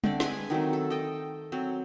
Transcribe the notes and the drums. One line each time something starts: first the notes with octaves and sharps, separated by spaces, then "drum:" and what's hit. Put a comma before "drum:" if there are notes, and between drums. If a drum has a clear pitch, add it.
D3 A3 C4 D5, drum: tom
G#3 B4 G#5, drum: snare
D#3 F#3 A3 C4
A4
A4 D#5 G5
F#3 C4